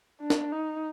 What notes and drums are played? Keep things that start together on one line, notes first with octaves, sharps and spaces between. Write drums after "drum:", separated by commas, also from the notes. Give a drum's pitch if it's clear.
D4
drum: snare
D#4